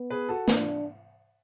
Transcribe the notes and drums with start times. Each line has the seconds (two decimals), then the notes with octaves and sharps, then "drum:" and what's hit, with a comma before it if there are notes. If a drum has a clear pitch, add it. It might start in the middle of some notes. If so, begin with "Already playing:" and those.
Already playing: B3
0.10 G#4 B4
0.29 F#4 A4
0.48 D4, drum: snare